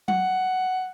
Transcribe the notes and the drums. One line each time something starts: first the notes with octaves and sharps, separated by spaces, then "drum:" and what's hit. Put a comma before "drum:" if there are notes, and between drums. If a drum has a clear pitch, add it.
F#5, drum: tom F#3